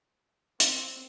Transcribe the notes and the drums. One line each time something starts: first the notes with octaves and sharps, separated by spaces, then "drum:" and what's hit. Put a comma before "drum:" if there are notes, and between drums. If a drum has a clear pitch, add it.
C4, drum: hi-hat